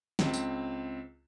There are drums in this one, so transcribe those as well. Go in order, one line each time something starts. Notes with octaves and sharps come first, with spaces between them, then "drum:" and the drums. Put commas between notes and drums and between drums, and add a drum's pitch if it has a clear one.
C#2 C4, drum: snare
drum: tambourine